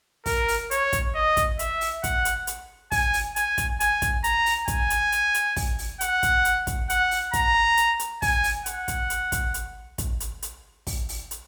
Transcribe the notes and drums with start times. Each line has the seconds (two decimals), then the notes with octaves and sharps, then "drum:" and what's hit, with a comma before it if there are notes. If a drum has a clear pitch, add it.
0.26 A#4, drum: kick, open hi-hat
0.48 drum: open hi-hat
0.71 C#5, drum: hi-hat
0.93 drum: kick, hi-hat
1.15 D#5
1.37 drum: kick, hi-hat
1.59 E5, drum: hi-hat
1.81 drum: open hi-hat
2.04 F#5, drum: kick, hi-hat
2.25 drum: hi-hat
2.47 drum: hi-hat
2.92 G#5, drum: kick, open hi-hat
3.13 drum: open hi-hat
3.36 G#5, drum: hi-hat
3.58 drum: kick, hi-hat
3.80 G#5, drum: hi-hat
4.02 drum: kick, hi-hat
4.24 A#5, drum: hi-hat
4.46 drum: open hi-hat
4.68 G#5, drum: kick, hi-hat
4.90 drum: hi-hat
5.12 drum: hi-hat
5.34 drum: hi-hat
5.56 drum: kick, open hi-hat
5.79 drum: open hi-hat
6.01 F#5, drum: hi-hat
6.23 drum: kick, hi-hat
6.45 drum: hi-hat
6.67 drum: kick, hi-hat
6.90 F#5, drum: hi-hat
7.11 drum: open hi-hat
7.33 A#5, drum: kick, hi-hat
7.77 drum: hi-hat
7.99 drum: hi-hat
8.22 G#5, drum: kick, open hi-hat
8.44 drum: open hi-hat
8.66 F#5, drum: hi-hat
8.88 drum: kick, hi-hat
9.10 drum: hi-hat
9.32 drum: kick, hi-hat
9.54 drum: hi-hat
9.98 drum: kick, hi-hat
10.20 drum: hi-hat
10.42 drum: hi-hat
10.87 drum: kick, open hi-hat
11.09 drum: open hi-hat
11.31 drum: hi-hat